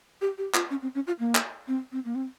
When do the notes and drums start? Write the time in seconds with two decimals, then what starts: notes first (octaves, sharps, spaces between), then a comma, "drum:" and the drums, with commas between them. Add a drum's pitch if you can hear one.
0.21 G4
0.38 G4
0.54 F4, drum: clap
0.70 C#4
0.82 C4
0.95 C#4
1.07 F4
1.19 A#3
1.35 drum: clap
1.68 C4
1.92 C4
2.05 A#3
2.15 C4